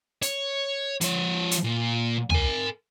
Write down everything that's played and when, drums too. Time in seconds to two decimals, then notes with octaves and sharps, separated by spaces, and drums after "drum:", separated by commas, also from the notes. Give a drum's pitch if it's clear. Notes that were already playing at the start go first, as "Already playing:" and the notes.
0.22 C#5, drum: hi-hat
1.01 F3 C#5, drum: hi-hat
1.51 drum: hi-hat
1.64 A#2
2.30 A#4 G#5, drum: tom